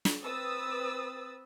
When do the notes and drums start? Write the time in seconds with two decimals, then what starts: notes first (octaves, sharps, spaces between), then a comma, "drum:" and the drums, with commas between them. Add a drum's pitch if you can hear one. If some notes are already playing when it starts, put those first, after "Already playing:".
0.05 drum: snare
0.24 C4 B4 D#6 E6 A6